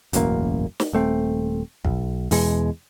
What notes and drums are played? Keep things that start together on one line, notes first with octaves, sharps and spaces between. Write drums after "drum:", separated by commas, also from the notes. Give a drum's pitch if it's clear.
E1 A1 F#2 A#3, drum: hi-hat
drum: snare
D#1 A3 C4
B1, drum: kick
E2 B2 G#3, drum: open hi-hat